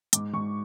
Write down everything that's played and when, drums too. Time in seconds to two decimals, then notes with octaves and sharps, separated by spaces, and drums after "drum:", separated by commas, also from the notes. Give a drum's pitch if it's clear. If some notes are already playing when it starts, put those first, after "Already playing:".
0.13 G#2 D6, drum: hi-hat
0.34 G#2 C#6